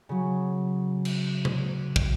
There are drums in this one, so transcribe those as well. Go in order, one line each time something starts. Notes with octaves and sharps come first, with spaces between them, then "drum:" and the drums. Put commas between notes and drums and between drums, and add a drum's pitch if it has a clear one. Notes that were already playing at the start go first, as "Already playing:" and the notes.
C#3 F#3
drum: cymbal
drum: tom C3
drum: kick